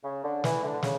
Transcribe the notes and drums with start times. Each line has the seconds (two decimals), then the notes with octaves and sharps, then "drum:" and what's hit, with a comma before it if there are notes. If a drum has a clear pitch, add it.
0.04 C#3
0.24 D3
0.44 E3, drum: snare
0.63 D3
0.83 C#3, drum: snare